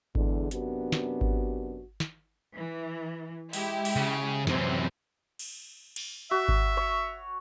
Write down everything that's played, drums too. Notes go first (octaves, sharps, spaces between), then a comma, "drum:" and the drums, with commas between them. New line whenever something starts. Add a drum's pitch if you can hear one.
E2 D3 G#3, drum: kick G#1
F#2 C3 B3 D4 F#4 G4, drum: hi-hat
drum: snare
drum: kick G#1
drum: snare
E3
G#3 E4 G4, drum: open hi-hat
drum: open hi-hat
C#3
F#2 C3 E3 C4 C#4, drum: snare
drum: cymbal
drum: cymbal
F#4 E5
drum: kick G#1
C#5